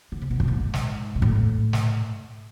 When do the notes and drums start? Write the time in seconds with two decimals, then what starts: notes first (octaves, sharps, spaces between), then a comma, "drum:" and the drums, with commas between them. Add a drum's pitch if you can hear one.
0.12 D3
0.22 C#3
0.31 B2
0.40 A2, drum: kick
0.48 G#2
0.74 drum: snare
1.16 B2
1.22 A2, drum: kick
1.73 drum: snare